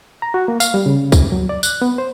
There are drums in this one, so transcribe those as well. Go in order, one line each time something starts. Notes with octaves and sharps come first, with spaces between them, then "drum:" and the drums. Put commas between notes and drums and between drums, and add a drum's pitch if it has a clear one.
A#5
F#4
A#3
F5, drum: tambourine
G3
C#3
drum: kick C2, tambourine
F#3
D5
F#6, drum: tambourine
B3
C5